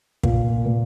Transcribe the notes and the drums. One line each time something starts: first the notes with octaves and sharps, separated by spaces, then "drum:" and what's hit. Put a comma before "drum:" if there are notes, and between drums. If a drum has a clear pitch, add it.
A#2, drum: kick
A#2